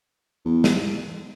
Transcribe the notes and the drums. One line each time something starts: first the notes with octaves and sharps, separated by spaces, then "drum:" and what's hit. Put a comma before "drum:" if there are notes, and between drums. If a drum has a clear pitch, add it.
E2
drum: snare